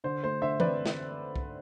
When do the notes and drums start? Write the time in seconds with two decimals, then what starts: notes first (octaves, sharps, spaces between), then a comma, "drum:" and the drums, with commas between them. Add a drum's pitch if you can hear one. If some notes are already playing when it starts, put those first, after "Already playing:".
0.04 D3 C5
0.23 A3 C5
0.42 D3 C5 E5
0.60 C4 B4 D5, drum: tom E3
0.86 drum: snare
1.36 drum: kick